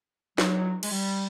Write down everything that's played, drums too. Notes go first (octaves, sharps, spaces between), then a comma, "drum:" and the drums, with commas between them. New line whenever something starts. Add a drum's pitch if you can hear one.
F#3, drum: snare
G#3, drum: cymbal
G3